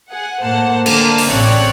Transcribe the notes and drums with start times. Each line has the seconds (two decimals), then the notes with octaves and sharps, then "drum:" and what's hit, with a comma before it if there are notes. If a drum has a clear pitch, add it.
0.12 G#4 F#5
0.42 A2 A#3 C5 F#5 A5
0.86 D3 A#3 A5, drum: cymbal
1.18 drum: open hi-hat
1.28 A1 C#3 C4 C#5 D5 F#6